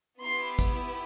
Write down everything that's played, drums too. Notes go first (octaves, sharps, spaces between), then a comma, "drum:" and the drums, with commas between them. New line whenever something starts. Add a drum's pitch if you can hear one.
B3 E4 G4 C6
drum: kick, hi-hat